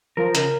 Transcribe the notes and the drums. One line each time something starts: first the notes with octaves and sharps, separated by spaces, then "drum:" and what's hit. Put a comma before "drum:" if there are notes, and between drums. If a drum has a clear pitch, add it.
F3 A#4
C#3 A#4, drum: hi-hat